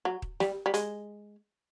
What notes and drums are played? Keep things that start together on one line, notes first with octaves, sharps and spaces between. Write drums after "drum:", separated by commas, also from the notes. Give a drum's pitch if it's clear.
F#3
drum: kick D#1
G3, drum: snare
G3
G#3, drum: hi-hat